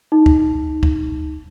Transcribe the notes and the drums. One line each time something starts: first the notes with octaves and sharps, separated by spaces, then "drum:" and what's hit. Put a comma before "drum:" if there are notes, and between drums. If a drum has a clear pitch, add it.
D#4
drum: kick
drum: kick